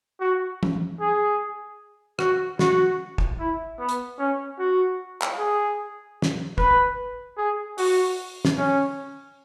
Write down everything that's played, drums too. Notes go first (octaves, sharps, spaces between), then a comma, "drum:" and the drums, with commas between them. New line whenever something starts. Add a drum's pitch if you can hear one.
F#4
drum: tom
G#4
F#4, drum: rim click
F#4, drum: snare
drum: kick
E4
B3
drum: hi-hat
C#4
F#4
drum: clap
G#4
drum: snare
B4, drum: kick
G#4
F#4, drum: open hi-hat
drum: snare
C#4